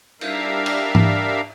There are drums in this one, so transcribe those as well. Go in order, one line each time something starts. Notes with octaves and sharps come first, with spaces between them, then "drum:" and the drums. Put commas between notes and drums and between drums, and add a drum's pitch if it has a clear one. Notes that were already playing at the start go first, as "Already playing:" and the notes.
G3 D4 A#4 E5 F5, drum: cymbal
drum: cymbal
drum: tom